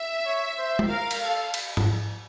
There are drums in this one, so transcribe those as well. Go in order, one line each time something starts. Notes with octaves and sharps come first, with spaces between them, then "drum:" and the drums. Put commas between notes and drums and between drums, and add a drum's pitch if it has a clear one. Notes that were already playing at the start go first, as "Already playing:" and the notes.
Already playing: E5
C#5
C5
drum: tom G#3
A#4 F5
drum: cymbal
A4
drum: cymbal
drum: tom G#2